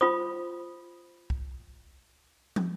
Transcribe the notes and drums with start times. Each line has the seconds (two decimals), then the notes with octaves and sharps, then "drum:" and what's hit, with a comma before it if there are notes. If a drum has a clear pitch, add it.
0.01 F4 C5 B5 D#6
1.30 drum: kick
2.56 drum: tom